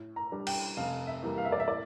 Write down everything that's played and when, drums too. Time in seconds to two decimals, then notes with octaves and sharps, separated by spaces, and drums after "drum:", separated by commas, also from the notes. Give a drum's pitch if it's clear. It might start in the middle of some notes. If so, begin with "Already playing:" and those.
Already playing: A2
0.16 A#5
0.32 G3 D4
0.47 G5, drum: cymbal
0.77 F1 F5
1.07 E5
1.22 E2 E3 G3 A#3
1.38 F5
1.45 E5
1.52 D5
1.60 E5
1.68 A2 D5